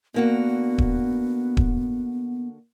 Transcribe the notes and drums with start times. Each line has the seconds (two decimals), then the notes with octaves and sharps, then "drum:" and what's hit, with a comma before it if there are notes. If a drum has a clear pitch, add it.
0.14 D3 A#3 B3 F#4
0.78 drum: kick D#1
1.57 drum: kick D#1